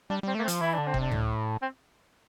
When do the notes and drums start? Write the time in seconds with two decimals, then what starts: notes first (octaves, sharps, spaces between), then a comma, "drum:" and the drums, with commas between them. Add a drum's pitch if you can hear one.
0.10 G3 D4
0.23 G3 C4
0.35 A3 A#3
0.44 C4
0.48 F3, drum: hi-hat
0.61 E3 E4
0.74 D3 D4
0.87 C4
0.94 C3, drum: kick
1.00 D4
1.11 A2, drum: tom C#2
1.62 C4